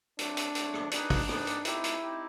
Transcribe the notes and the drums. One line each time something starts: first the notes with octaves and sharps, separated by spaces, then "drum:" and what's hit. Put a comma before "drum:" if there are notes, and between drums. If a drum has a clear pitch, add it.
F#3 A3 C4 D4, drum: hi-hat
drum: hi-hat
F#3 A3 C4, drum: hi-hat
drum: rim click
D4 D#4 G#4 B4 D5, drum: hi-hat
drum: kick, open hi-hat
D#4 G#4 B4 D5, drum: rim click
drum: hi-hat
C4 D#4 E4 G4, drum: hi-hat
drum: hi-hat
C4 D#4 G4